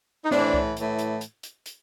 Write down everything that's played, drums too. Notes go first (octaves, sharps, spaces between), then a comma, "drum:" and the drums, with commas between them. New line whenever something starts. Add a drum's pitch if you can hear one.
D#4
A2 E3 C4 D4, drum: snare
drum: kick C2
A2 E3, drum: hi-hat
drum: hi-hat
drum: hi-hat
drum: hi-hat
drum: hi-hat